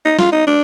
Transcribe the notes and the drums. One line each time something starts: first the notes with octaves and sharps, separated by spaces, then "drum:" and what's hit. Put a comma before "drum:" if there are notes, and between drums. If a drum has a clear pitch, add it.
D#4
F4, drum: snare
D#4
D4